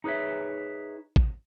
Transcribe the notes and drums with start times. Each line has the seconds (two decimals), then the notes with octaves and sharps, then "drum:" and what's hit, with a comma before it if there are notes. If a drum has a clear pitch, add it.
0.04 D#4 G#4 B4 C#5 E5
1.16 drum: kick